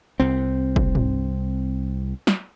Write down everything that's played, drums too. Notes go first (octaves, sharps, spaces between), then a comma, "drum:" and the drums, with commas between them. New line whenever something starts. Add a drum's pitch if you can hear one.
C2 C4
drum: kick
drum: tom
drum: snare